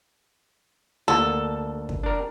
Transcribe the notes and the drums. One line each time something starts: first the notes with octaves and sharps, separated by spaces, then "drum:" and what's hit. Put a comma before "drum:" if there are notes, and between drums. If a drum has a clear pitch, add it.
D2 A#3 A4
drum: kick
D4 A#4